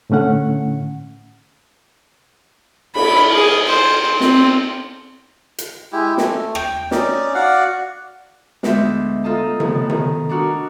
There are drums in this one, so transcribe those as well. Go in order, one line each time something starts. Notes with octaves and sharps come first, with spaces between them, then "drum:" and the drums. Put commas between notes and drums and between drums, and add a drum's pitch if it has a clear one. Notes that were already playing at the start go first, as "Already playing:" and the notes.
A2 D3 A3 C#4 F#5
B5, drum: cymbal
G#4
C5
C4, drum: snare
drum: hi-hat
G#3 E4 G4
A3, drum: snare
G5, drum: rim click
C#4 D#4 D5, drum: snare
F#4 D5 F5 F#5
D2 G#3 B3 C5 E5, drum: snare
D#4 F4 A4 D#5 A5
F2 A2 C#3 B3, drum: tom C3
D#3, drum: tom C3
D4 D#4 F#4 A#4